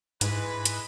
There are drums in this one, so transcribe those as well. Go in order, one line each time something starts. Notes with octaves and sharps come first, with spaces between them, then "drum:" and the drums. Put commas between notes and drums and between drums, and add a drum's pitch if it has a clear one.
G#2 E3 G#3 B4, drum: hi-hat
drum: hi-hat